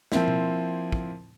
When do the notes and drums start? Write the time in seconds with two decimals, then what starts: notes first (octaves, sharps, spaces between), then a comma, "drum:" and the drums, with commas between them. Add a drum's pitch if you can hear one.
0.12 F3 A#3 C4 E4, drum: snare
0.28 drum: tom B2
0.92 drum: kick